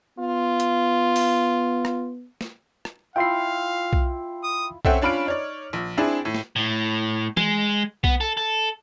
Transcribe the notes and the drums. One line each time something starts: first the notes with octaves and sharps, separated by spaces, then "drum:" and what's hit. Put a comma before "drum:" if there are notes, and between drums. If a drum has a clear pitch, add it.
B3 F4
drum: hi-hat
drum: open hi-hat
drum: rim click
drum: snare
drum: rim click
E4 F4 E5 F5 G5 C6 C7
drum: kick B1
D#6
C4 C#4 A4 E5 F#5 G5, drum: kick B1
C#4 D4 F4 B5 F6 D7
D#4 C#5 D5
A#1
C4 D4 E4 G#4
A2
drum: snare
A2
G#3, drum: tom E3
B3, drum: kick B1
A4
A4